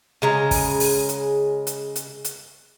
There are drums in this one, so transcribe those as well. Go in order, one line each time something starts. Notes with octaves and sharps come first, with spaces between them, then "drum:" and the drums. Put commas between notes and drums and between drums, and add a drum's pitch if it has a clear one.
C#3 G#3 A#5
drum: kick, open hi-hat
drum: open hi-hat
drum: hi-hat
drum: hi-hat
drum: hi-hat
drum: hi-hat